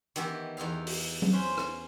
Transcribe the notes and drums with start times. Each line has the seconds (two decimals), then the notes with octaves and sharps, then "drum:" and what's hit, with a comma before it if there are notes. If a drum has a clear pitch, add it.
0.16 D#3 E3 B3 E4 G4, drum: hi-hat
0.57 E2 D#4 E4 F5
0.87 drum: open hi-hat
1.22 drum: tom F#3
1.33 C#4 B4 C5
1.58 drum: rim click